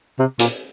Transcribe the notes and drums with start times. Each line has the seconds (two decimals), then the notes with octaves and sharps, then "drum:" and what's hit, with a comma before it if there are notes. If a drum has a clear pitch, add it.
0.19 C3
0.39 A#2, drum: hi-hat